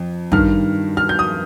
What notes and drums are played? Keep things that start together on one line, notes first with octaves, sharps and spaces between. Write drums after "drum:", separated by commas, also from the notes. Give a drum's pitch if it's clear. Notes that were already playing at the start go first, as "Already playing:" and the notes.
Already playing: F2
G2 D#3 F6, drum: kick
F6
G6
D#6